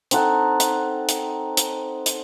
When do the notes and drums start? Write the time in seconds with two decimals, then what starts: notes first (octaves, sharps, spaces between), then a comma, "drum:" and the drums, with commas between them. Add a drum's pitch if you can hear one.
0.11 C4 D#4 A4 F#5, drum: hi-hat
0.60 drum: hi-hat
1.09 drum: hi-hat
1.57 drum: hi-hat
2.06 drum: hi-hat